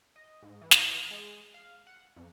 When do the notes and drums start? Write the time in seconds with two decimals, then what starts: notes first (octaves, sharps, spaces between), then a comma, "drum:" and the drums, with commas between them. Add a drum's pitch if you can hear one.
0.16 D#5
0.43 G#2
0.61 E3
0.71 drum: snare
1.11 G#3
1.54 F5
1.87 F#5
2.16 F2